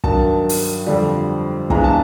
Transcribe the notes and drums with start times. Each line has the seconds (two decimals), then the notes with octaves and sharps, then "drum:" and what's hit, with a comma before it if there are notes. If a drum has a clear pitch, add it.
0.04 G2 D#3 F#3 A5, drum: kick
0.49 drum: open hi-hat
0.87 F2 D3 G3
1.70 G2 E3 G#3 B3 A#5, drum: kick
1.84 A5